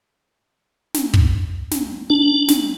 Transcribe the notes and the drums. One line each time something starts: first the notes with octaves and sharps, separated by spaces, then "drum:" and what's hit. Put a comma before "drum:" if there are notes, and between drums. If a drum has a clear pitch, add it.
drum: snare
drum: kick
drum: snare
D4
drum: snare